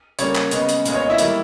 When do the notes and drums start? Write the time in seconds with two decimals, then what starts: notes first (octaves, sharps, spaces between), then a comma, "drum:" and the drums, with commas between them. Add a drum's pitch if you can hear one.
0.19 C#3 G3 A#3 C#5, drum: hi-hat
0.35 drum: clap
0.51 C#3 G#3 B3 D#5, drum: hi-hat
0.69 drum: hi-hat
0.86 A#2 G#3 B3, drum: hi-hat
0.94 C#5
1.02 D#5
1.10 E4 E5
1.18 D#3 G3 A#3, drum: hi-hat